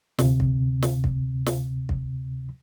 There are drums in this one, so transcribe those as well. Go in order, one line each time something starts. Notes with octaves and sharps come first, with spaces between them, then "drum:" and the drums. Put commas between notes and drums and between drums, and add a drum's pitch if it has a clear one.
D2 C3, drum: snare
drum: kick
drum: snare
drum: kick
drum: snare
drum: kick